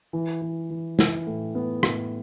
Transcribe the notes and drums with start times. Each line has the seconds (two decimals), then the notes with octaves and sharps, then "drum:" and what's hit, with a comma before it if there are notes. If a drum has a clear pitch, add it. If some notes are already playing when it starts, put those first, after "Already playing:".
0.13 E3
0.42 E3
0.70 E3
0.99 E3, drum: snare
1.27 A2
1.55 B3
1.83 A2, drum: rim click